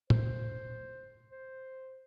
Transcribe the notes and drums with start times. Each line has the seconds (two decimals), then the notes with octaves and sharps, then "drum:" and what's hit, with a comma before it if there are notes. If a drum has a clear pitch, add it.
0.10 C5, drum: tom
1.31 C5